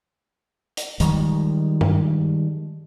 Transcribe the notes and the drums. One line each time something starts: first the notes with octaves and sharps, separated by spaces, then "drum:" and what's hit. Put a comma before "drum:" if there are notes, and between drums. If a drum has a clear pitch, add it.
drum: hi-hat
D#3 F3 G3 G#3, drum: hi-hat
drum: tom G2